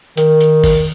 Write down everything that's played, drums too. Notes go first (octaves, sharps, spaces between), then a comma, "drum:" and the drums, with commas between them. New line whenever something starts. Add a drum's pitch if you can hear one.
D#3, drum: hi-hat
drum: hi-hat
drum: kick, open hi-hat